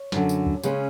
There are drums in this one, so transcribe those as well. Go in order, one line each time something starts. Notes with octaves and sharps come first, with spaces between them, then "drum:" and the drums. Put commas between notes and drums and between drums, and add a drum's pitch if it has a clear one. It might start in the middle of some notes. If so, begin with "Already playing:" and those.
Already playing: C#5
F#2 D3 F#3, drum: snare
drum: tambourine
drum: kick
C#3 G#3 C#4, drum: tambourine